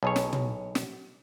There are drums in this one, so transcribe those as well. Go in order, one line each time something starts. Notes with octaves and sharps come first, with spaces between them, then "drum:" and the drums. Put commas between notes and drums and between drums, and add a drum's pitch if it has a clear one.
B1 G#4 C#5
drum: snare
drum: tom
drum: snare